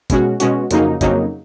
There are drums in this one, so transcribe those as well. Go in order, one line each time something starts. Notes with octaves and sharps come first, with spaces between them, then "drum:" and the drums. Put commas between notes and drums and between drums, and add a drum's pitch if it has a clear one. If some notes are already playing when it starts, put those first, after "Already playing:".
B2 G#3 C#4 F#4, drum: kick, hi-hat
B2 G#3 C#4 F#4, drum: hi-hat
F2 C#3 F#3 A#3 D#4, drum: hi-hat
F2 C#3 F#3 A#3 D#4, drum: kick, hi-hat